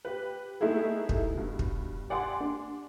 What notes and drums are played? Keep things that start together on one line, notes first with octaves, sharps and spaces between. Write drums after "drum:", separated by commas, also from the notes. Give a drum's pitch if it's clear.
G4 B4
G3 A3 B3 D#4 E4 G#4
drum: kick
G2 B2
drum: kick
G4 D5 F#5 G#5 C6 D6
D4